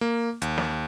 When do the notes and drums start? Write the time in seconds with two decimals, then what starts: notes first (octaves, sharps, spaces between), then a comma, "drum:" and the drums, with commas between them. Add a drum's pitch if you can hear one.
0.01 A#3
0.42 D#2, drum: hi-hat
0.58 drum: snare